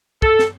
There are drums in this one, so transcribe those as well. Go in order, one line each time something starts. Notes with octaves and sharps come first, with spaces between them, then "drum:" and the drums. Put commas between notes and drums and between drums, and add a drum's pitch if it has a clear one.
A4, drum: kick
drum: snare